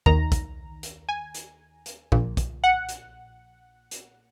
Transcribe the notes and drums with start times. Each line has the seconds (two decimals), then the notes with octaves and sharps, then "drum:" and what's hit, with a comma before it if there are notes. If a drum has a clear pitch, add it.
0.06 D#2 D#3 A#5, drum: kick
0.32 drum: kick, hi-hat
0.83 drum: hi-hat
1.09 G#5
1.35 drum: hi-hat
1.86 drum: hi-hat
2.12 A#1 A#2, drum: kick
2.37 drum: kick, hi-hat
2.64 F#5
2.89 drum: hi-hat
3.91 drum: hi-hat